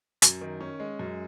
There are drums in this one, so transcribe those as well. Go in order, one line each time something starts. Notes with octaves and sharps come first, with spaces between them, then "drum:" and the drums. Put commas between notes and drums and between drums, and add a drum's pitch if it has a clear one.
F#2, drum: hi-hat
D#3
C#4
G#3
F#2